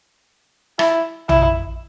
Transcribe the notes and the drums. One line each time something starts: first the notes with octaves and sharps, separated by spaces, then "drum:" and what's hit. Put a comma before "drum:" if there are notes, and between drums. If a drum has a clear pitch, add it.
E4, drum: rim click
E4, drum: tom A#1